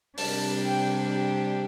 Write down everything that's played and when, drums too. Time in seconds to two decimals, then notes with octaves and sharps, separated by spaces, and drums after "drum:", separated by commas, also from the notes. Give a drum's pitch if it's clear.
0.18 C3 G3 D4 A5, drum: open hi-hat
0.64 G5
1.10 G4